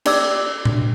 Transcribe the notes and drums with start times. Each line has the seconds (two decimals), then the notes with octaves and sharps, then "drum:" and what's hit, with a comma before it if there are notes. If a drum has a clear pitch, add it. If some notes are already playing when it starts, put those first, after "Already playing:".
0.05 C#4 G4 D5 D6 E6, drum: cymbal
0.65 drum: tom A#2